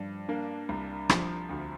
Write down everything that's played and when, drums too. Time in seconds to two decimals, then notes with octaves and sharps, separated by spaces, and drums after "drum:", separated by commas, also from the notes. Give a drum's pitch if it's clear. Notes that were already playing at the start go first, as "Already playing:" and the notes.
Already playing: G2 F3
0.28 A#3 D4
0.69 C2
1.09 F3, drum: rim click
1.49 D2